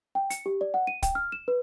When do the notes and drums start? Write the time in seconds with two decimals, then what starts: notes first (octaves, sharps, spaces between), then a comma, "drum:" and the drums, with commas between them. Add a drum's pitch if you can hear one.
0.15 G5
0.30 C#7, drum: hi-hat
0.46 G4
0.61 D5
0.74 F#5
0.87 D#7
1.03 G5, drum: kick, hi-hat
1.15 F6
1.32 E7
1.48 B4